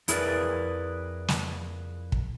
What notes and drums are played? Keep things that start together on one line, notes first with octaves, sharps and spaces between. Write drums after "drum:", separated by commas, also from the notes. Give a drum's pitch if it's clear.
F2 E4 G#4 A#4 B4 D5, drum: hi-hat
drum: snare
drum: kick